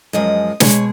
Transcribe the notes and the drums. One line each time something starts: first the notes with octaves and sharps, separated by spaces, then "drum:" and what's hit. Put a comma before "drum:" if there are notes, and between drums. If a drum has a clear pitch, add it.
F#2 F3 G#3 D#5
B2 G#3 C#5, drum: snare